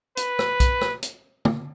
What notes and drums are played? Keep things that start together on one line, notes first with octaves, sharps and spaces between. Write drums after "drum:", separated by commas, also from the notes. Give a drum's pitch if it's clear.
B4, drum: hi-hat
drum: rim click
drum: kick B1, hi-hat
drum: rim click
drum: hi-hat
drum: tom